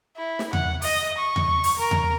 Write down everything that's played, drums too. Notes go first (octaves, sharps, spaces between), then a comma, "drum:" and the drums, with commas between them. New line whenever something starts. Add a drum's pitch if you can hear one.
E4
drum: snare
F#5, drum: tom E2
D#5, drum: open hi-hat
C#6
drum: tom E2
drum: open hi-hat
A#4
drum: tom E2